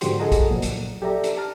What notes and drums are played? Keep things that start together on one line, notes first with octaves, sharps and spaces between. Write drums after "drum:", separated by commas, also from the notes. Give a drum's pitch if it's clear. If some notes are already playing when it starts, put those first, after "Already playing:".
G#2 D3 F3 F#4 G4 C6, drum: hi-hat
G#4 A4 D#5 F#5 A#5
drum: kick A#1, hi-hat
A#2 F3 F#3
drum: hi-hat
G4 A4 D5 E5 A#5
drum: hi-hat
A5 A#5 F6